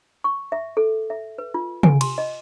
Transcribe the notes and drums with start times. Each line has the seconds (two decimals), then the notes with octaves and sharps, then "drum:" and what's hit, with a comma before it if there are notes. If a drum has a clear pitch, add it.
0.24 C#6
0.52 E5
0.77 A4
1.10 E5
1.38 B4
1.54 F4
1.83 G#5, drum: tom
2.01 C6, drum: cymbal
2.18 D#5